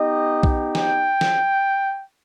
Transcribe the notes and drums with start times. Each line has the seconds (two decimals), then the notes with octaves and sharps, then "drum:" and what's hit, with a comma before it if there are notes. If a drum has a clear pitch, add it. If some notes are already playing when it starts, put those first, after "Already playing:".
Already playing: B3 D#4 G4 D#5
0.43 drum: kick B1
0.75 G5, drum: snare
1.21 drum: snare